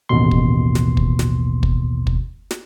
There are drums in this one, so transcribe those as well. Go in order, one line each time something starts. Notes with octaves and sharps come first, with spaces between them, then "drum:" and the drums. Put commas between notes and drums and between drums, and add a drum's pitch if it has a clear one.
A1 D#2 B2 C6
drum: kick
drum: snare
drum: kick
drum: snare
drum: kick
drum: kick
drum: snare